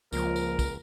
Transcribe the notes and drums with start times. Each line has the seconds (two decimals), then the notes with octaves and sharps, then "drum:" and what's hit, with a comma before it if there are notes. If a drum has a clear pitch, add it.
0.13 C#2 A#2 F3 A#4, drum: tambourine
0.36 drum: tambourine
0.59 drum: kick, tambourine